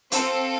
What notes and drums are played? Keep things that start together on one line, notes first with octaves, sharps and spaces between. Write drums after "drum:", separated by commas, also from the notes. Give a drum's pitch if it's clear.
C4 F4 A4 C5, drum: hi-hat